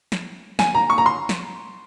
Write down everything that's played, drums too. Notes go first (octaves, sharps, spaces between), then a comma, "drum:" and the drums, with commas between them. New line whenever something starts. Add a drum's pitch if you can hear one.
drum: snare
G#5, drum: snare
A#5
C#6
A#5
C6
drum: snare